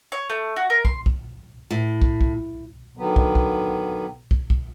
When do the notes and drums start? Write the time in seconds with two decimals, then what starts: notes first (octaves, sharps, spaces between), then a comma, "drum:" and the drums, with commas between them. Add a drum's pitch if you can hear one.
0.12 C#5
0.30 A3
0.56 F#4
0.70 A#4
0.85 C6, drum: kick
1.06 drum: kick
1.71 A2
2.02 drum: kick
2.21 drum: kick
2.97 D3 D#3 F#3 B3
3.16 drum: kick
3.35 drum: kick
4.31 drum: kick
4.50 drum: kick